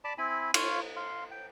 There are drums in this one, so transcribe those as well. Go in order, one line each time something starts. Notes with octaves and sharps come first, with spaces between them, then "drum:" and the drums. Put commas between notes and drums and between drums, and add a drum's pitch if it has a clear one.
D5 A5 B5 D6
C4 E4 G#5 B5
F4 C#5 F5, drum: cymbal
F5 C6
G5